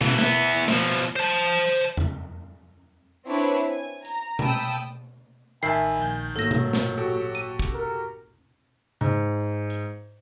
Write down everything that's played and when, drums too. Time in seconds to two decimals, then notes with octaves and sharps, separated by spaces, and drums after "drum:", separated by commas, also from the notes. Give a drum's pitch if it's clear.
0.01 B2 E3, drum: tom B2
0.18 E3 B3, drum: snare
0.68 B2 F3, drum: snare
1.16 C5 A5
1.97 drum: tom E2
3.26 C4 D4 E4 B4 C#5
3.68 G#5
4.05 A#5, drum: hi-hat
4.39 G5 A5 B5 D#6 E6, drum: tom B2
5.63 A1 D#3 E5 G#5 A5 B5 C7
5.99 A#1 G6
6.36 G#1 A#2 F#3 A4 E6 A#6
6.51 drum: tom B2
6.73 drum: snare
6.97 F#4 G4 A4
7.35 D#7
7.59 drum: kick
7.74 A#4
9.01 G#2, drum: hi-hat
9.70 drum: hi-hat